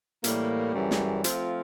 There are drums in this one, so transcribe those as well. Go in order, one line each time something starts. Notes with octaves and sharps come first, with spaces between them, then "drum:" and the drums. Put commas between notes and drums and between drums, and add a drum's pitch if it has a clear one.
A2 E3 G3 A#3, drum: hi-hat
F#2 C#3 E3 G3
drum: snare
F3 A3 C4 F4, drum: hi-hat